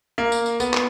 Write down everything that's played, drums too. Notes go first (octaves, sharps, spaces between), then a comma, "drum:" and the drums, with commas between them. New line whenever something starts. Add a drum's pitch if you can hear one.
A#3
drum: tambourine
drum: tambourine
B3, drum: tambourine
drum: clap